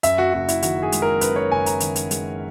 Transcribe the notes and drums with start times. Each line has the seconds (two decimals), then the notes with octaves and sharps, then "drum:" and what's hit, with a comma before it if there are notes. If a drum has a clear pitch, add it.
0.03 F#2 E5, drum: hi-hat
0.18 F#4
0.34 F#1 F#4
0.49 E4, drum: hi-hat
0.62 D#3 F#4, drum: hi-hat
0.83 G#4
0.92 G#3, drum: hi-hat
1.02 A#4
1.21 F#2 B4, drum: hi-hat
1.36 C#5
1.51 F#1 G#5
1.66 A#5, drum: hi-hat
1.80 D#3, drum: hi-hat
1.96 drum: hi-hat
2.11 G#3, drum: hi-hat